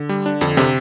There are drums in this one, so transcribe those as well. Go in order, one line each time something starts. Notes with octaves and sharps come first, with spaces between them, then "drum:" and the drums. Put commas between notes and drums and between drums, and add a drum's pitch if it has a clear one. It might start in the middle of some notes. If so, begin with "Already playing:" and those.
Already playing: D3
G3
D4
F2 D3, drum: hi-hat
C3, drum: snare